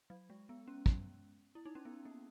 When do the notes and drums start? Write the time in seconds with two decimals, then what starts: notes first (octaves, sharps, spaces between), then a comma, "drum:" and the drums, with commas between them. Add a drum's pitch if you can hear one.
0.10 F#3
0.30 G#3
0.49 B3
0.68 C#4
0.86 drum: kick
1.55 E4
1.65 D#4
1.75 C#4
1.85 B3
2.05 A#3